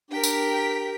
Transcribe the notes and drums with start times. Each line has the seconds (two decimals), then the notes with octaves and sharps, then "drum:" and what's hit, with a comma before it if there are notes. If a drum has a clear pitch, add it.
0.11 D4 G4 A#4 G5 B6
0.24 drum: tambourine